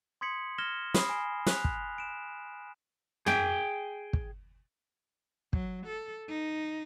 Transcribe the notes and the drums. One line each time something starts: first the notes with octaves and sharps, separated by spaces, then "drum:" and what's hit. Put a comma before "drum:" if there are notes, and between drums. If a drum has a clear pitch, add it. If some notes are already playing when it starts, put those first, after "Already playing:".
C6 D#6 G#6 B6 C#7 F#7
F6 G#6 A#6 E7 G7
B5 D#6 C7, drum: snare
G#5 B5 C7 D7
G#5 F#6 B6 F7, drum: snare
drum: kick
D7 E7
G#4 G5, drum: tom
drum: kick
F#3, drum: kick
A4
D#4